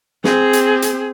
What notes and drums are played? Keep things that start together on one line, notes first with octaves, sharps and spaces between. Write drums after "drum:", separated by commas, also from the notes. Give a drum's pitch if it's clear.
C4 G#4, drum: snare
drum: hi-hat
drum: hi-hat